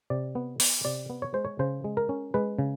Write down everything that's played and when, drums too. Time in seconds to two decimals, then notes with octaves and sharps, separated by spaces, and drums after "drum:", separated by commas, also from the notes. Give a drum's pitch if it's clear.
0.10 C3 D5
0.35 B3
0.60 B3, drum: open hi-hat
0.85 C3 D5
1.10 B3
1.22 C#5
1.34 G#3 C5
1.45 C#5
1.59 C#3 C5
1.84 G#3
1.97 A#4
2.09 C#4
2.34 G#3 B4
2.59 C#3